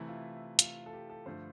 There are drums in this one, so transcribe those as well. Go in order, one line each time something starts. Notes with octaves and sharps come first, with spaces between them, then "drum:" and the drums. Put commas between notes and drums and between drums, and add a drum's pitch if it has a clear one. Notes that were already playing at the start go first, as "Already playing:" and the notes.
Already playing: C3 E3 A3 E4
F4
F4, drum: hi-hat
A4
G4
A4
G2 D3 F3 A3 C5